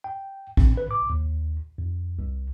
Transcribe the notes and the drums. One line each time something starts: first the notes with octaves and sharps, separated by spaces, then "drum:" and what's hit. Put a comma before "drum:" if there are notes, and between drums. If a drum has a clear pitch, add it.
G5
C4, drum: kick A1
B4
D6
D#2
F2
C2